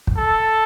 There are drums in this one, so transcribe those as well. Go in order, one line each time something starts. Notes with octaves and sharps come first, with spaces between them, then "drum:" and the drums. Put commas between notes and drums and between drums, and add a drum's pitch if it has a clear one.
drum: kick
A4